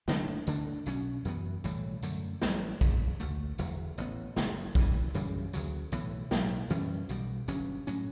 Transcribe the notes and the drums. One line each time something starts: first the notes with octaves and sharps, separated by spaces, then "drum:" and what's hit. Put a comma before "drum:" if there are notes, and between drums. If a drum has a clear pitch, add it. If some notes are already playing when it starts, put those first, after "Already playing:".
G2 D3 A3 D4, drum: snare
D2 D3 A3 D4, drum: tambourine
B1 B2 F#3 C#4, drum: tambourine
F#2 E3 B3, drum: tambourine
B1 A2 E3 G3, drum: tambourine
F#2 D3 A3, drum: tambourine
A1 A2 G3, drum: snare
C#2 C#3 F#3, drum: kick A#1, tambourine
D2 D3 A3, drum: tambourine
F#1 E2 D3 F#3, drum: tambourine
A1 A2 E3 B3, drum: tambourine
F#1 E2 C#3 F#3, drum: snare
G1 F#2 C#3 E3, drum: kick A#1, tambourine
F#2 C#3 E3 G3, drum: tambourine
D2 C#3 F#3, drum: tambourine
B1 A2 E3 B3, drum: tambourine
B1 A2 F#3, drum: snare
F#2 E3 G3 C#4, drum: tambourine
B1 B2 G3, drum: tambourine
G1 G2 F#3 C#4, drum: tambourine
A2 F#3 C#4, drum: tambourine